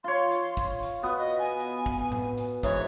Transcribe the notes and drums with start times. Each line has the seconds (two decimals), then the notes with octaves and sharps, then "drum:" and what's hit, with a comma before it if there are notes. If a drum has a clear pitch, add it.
0.04 F4 C#5 C6
0.31 drum: hi-hat
0.57 drum: kick, hi-hat
0.83 drum: hi-hat
1.03 B2 B3 D#6
1.18 D#5
1.39 G#5
1.60 drum: hi-hat
1.86 drum: kick
2.12 drum: tom A2
2.38 drum: hi-hat
2.63 G#2 E3 C#5, drum: kick, hi-hat